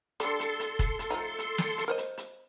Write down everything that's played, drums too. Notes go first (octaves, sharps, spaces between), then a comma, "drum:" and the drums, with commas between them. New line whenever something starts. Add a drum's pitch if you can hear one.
G3 D4 A4 C6, drum: hi-hat
drum: hi-hat
drum: hi-hat
drum: kick, hi-hat
drum: hi-hat
F3 A3 D#4
drum: hi-hat
drum: snare
drum: hi-hat
A#4 C5 D#5
drum: hi-hat
drum: hi-hat